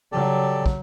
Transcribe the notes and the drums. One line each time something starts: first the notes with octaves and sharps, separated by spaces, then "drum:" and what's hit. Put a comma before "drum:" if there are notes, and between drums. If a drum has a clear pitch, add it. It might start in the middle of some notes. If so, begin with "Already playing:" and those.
C#3 F#3 G4 A4 D5
drum: kick